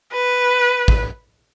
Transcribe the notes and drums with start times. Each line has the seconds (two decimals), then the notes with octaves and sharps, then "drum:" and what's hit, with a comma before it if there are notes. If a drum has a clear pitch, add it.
0.12 B4
0.88 drum: kick